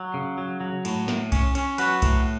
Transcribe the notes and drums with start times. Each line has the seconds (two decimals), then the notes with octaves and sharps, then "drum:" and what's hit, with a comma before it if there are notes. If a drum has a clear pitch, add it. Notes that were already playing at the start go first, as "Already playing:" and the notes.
Already playing: F#3
0.14 C#3
0.38 F#3
0.61 F#3
0.85 A2, drum: cymbal
1.08 A2, drum: snare
1.32 C#4, drum: kick B1, cymbal
1.55 C#4, drum: cymbal
1.78 F#3 F#4 B4, drum: cymbal
2.02 A2, drum: kick B1, cymbal